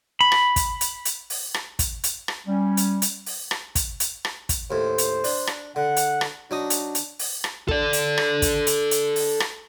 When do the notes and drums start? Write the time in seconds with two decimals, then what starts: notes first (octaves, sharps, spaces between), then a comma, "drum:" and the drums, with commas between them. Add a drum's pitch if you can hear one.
0.21 B5
0.32 drum: rim click
0.56 drum: kick, hi-hat
0.81 drum: hi-hat
1.05 drum: hi-hat
1.30 drum: open hi-hat
1.54 drum: rim click
1.79 drum: kick, hi-hat
2.04 drum: hi-hat
2.28 drum: rim click
2.47 G3 C#4
2.77 drum: hi-hat
3.02 drum: hi-hat
3.26 drum: open hi-hat
3.51 drum: rim click
3.75 drum: kick, hi-hat
4.00 drum: hi-hat
4.25 drum: rim click
4.49 drum: kick, hi-hat
4.71 D#2 A2 C5
4.98 drum: hi-hat
5.24 D4, drum: open hi-hat
5.47 drum: rim click
5.76 D3 F#5
5.96 drum: hi-hat
6.21 drum: rim click
6.51 F#3 D4 D#4 D#6
6.70 drum: hi-hat
6.95 drum: hi-hat
7.19 drum: open hi-hat
7.44 drum: rim click
7.68 A4 D5, drum: kick
7.93 drum: hi-hat
8.18 drum: rim click
8.42 drum: kick, hi-hat
8.67 drum: hi-hat
8.91 drum: hi-hat
9.16 drum: open hi-hat
9.40 drum: rim click